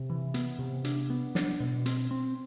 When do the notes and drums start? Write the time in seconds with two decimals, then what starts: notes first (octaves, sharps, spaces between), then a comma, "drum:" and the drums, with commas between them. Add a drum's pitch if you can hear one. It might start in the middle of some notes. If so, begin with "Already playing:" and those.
Already playing: C3
0.10 E3
0.34 B3, drum: hi-hat
0.59 C3
0.84 D4, drum: hi-hat
1.10 B3
1.35 D4, drum: snare
1.60 B2
1.86 C4, drum: hi-hat
2.11 C4